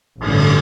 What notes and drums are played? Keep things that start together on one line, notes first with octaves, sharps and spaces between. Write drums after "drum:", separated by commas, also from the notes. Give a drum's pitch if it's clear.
A1 G2 D3, drum: cymbal
drum: cymbal